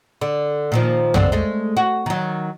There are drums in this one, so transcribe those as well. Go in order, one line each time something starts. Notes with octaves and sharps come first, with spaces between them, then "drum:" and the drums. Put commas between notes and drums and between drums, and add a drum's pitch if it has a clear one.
D3
A#2 D#3 F3
G2 D3 C4, drum: tom
G#3 A3
F#4
D#3 F#3